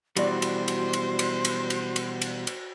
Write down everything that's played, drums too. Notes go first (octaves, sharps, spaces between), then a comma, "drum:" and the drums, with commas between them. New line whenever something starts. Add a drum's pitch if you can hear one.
B2 E3 G3 F#4 C5 D5 C6, drum: cymbal
drum: cymbal
drum: cymbal
drum: cymbal
drum: cymbal
drum: cymbal
drum: cymbal
drum: cymbal
drum: cymbal
drum: cymbal